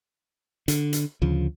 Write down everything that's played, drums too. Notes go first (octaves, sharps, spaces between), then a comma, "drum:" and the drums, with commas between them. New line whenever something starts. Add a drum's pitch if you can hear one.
D3, drum: hi-hat
drum: hi-hat
D2 C#3 F3